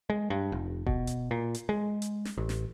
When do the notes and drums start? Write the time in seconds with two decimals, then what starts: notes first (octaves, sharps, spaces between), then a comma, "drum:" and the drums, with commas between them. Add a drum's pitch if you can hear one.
0.10 G#3
0.30 G2
0.52 F1
0.86 B2, drum: kick E1
1.07 drum: hi-hat
1.31 A#2
1.54 drum: hi-hat
1.69 G#3
2.02 drum: hi-hat
2.25 drum: snare
2.38 A1
2.49 drum: snare